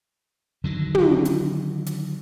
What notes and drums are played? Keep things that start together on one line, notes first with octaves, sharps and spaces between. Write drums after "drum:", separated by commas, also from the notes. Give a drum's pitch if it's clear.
D3 D#3 F#3
drum: tom
drum: hi-hat
drum: hi-hat